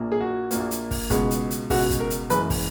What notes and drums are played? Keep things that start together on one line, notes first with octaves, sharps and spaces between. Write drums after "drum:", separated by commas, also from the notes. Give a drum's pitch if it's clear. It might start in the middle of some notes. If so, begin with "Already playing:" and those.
Already playing: A#1 A#2 A#3
G#4
F#4
A#1 A#2 A#3, drum: hi-hat
drum: hi-hat
drum: kick, open hi-hat
C#2 B2 G#3 B3, drum: kick, hi-hat
drum: hi-hat
drum: hi-hat
C#2 B2 G#3 B3 F#4, drum: kick, open hi-hat
drum: kick, hi-hat
A#4
drum: hi-hat
F#1 F#2 E3 G#3 B4, drum: hi-hat
drum: kick, open hi-hat